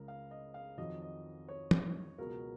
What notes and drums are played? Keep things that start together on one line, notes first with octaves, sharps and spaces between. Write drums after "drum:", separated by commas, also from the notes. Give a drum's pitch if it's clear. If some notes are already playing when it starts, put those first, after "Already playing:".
Already playing: C#2 C#3 G#3 A#4
F5
D#5
F5
F2 D#3 F#3 D#5
D#5
C#5
drum: tom
C#2 B2 F#3 A#4